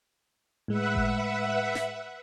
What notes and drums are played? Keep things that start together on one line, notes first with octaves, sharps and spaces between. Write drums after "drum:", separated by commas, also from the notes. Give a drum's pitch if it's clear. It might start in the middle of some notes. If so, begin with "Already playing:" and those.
A2 G#3 B4 E5 F#5
drum: kick G1
drum: snare